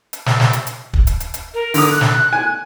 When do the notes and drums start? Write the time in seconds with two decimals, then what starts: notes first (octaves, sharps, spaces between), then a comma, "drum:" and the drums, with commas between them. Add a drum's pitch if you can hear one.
0.13 drum: hi-hat
0.26 drum: snare
0.40 drum: snare
0.53 drum: hi-hat
0.67 drum: hi-hat
0.93 drum: kick
1.07 drum: hi-hat
1.20 drum: hi-hat
1.34 drum: hi-hat
1.54 A#4
1.74 D3 D#6, drum: open hi-hat
1.91 F#6
2.01 drum: snare
2.33 G#5